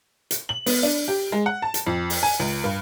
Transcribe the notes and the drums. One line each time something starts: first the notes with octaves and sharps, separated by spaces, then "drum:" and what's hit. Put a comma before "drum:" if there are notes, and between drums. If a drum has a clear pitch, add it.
drum: hi-hat
F#7
B3, drum: open hi-hat
D4
G4
G#3
F#5
A5
drum: hi-hat
F2
drum: open hi-hat
G#5
C#2
G2